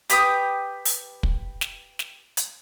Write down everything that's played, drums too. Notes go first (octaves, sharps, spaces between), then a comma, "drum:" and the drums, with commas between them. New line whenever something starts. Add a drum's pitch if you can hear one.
G4 B4 G5 D#6, drum: hi-hat
drum: open hi-hat
drum: kick
drum: snare
drum: snare
drum: hi-hat